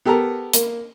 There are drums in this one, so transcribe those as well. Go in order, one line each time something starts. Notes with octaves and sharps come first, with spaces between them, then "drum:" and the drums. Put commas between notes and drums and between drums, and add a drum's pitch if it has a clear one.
B3 G4 A4 A#4 A#5
A#3, drum: hi-hat